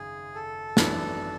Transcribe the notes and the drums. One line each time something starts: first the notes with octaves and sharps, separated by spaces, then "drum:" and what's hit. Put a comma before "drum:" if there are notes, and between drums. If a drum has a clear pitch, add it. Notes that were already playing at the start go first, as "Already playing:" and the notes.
Already playing: G#1 F#2 C#3 G#4
A4
G#1 F#2 E3 B3 D4, drum: snare